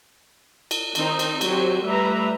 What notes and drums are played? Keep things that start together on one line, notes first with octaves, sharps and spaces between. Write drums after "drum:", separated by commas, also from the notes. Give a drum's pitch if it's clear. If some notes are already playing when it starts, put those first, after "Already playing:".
drum: cymbal
D#3 C4 D#4, drum: cymbal
drum: cymbal
F#3 C4 F#4 G4, drum: cymbal
G3 A3 B4 E5 A#5